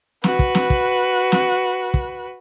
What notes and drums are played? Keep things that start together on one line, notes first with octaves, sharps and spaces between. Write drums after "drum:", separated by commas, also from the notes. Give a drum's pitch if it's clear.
F#4 B4, drum: snare
drum: kick
drum: snare
drum: kick
drum: snare
drum: kick